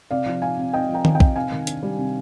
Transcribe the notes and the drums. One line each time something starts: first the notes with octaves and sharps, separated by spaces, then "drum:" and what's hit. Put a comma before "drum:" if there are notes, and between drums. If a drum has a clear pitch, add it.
C3 D5 F5
F3
D#4 F5 G#5
C4
C3 D#5 G5
F3
G5 A#5
D#4, drum: tom D#3
D#5 G5
C4, drum: kick
C3 F5 G#5
D#3
D4, drum: hi-hat
G3
C3